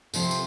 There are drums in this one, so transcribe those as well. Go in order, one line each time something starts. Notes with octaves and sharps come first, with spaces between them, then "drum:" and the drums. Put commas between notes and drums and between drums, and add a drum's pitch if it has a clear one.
C3 F3 C4, drum: tambourine
drum: tambourine